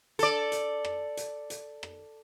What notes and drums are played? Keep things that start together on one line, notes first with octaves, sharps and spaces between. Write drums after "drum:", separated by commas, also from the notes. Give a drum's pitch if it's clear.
A4 D5, drum: hi-hat
drum: hi-hat
drum: rim click
drum: hi-hat
drum: hi-hat
drum: rim click